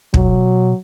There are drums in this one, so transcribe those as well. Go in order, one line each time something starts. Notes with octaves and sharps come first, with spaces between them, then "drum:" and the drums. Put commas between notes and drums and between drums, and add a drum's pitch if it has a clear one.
B2 F#3, drum: kick